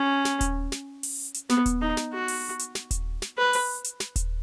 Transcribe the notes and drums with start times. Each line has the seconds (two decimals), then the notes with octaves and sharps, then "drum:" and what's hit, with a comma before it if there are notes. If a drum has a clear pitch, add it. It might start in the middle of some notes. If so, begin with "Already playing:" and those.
Already playing: C#4
0.25 drum: snare
0.41 drum: kick D#1, hi-hat
0.72 drum: snare
1.03 drum: open hi-hat
1.34 drum: hi-hat
1.49 B3, drum: snare
1.66 drum: kick D#1, hi-hat
1.81 D#4
1.97 drum: snare
2.13 F#4
2.28 drum: open hi-hat
2.59 drum: hi-hat
2.75 drum: snare
2.91 drum: kick D#1, hi-hat
3.22 drum: snare
3.38 B4
3.53 drum: open hi-hat
3.84 drum: hi-hat
4.00 drum: snare
4.16 drum: kick D#1, hi-hat